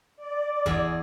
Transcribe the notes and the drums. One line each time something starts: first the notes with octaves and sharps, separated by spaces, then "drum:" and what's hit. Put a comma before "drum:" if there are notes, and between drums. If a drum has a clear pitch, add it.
D5
E2 G#4 B5, drum: kick